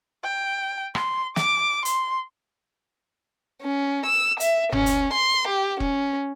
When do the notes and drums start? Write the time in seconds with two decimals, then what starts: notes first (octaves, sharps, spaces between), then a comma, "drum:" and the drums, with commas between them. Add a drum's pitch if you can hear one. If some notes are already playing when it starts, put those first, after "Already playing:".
0.23 G5
0.95 C6, drum: rim click
1.36 D6, drum: snare
1.85 C6, drum: hi-hat
3.62 C#4
4.06 E6
4.40 E5, drum: hi-hat
4.72 C#4, drum: tom F#1
4.86 drum: hi-hat
5.13 C6
5.48 G4
5.80 C#4, drum: kick